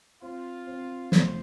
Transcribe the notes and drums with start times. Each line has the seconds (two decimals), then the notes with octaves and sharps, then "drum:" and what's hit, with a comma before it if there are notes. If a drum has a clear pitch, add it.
0.21 C4 F4
0.67 C4
1.12 F1 C5, drum: snare